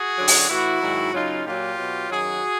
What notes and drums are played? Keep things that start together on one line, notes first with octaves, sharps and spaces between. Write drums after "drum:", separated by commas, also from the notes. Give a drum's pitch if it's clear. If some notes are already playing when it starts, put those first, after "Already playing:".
Already playing: F#4 G#4
F#2 D3 F#3
drum: open hi-hat
A2 E3 E4 F#4
G#2 D#3 F#3
F#2 C#3 F#3 D#4 F4
A#2 F#3 F4 G4
B2 F#3
F#2 D#3 F#3 F#4 G#4